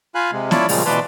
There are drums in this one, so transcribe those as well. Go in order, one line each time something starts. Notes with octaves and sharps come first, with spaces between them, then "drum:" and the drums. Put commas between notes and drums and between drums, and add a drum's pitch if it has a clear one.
F4 F5 G#5 B5 F#6
C3 G#3
E4 F4 C#5 D5 A5 B5, drum: snare B3
A#2 C#3 F3 G3 G#3, drum: open hi-hat
B2 E3 B4 D5 A5 C6